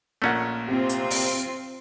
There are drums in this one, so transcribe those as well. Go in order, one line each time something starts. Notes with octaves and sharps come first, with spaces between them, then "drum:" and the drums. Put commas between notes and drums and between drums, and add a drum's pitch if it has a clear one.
A#1 A#2 A3 C#4 F#5
C3 C4 F4
drum: hi-hat
drum: open hi-hat